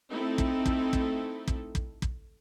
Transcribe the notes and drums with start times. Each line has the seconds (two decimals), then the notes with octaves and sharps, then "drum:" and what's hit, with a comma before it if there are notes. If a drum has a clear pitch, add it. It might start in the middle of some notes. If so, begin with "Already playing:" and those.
0.11 A3 C4 D#4 E4 A4
0.38 drum: kick
0.66 drum: kick
0.93 drum: kick
1.48 drum: kick
1.75 drum: kick
2.02 drum: kick